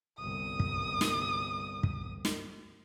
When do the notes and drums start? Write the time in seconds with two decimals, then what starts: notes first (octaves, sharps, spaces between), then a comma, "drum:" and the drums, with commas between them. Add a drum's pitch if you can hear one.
0.18 G1 C2 D#6
0.60 drum: kick
1.01 drum: snare
1.83 drum: kick
2.25 drum: snare